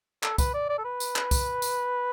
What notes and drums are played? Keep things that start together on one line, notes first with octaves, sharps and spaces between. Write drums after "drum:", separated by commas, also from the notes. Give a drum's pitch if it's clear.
A4, drum: clap
B4, drum: kick, tambourine
D5
D5
A4
B4
drum: tambourine
drum: clap
drum: kick, tambourine
drum: tambourine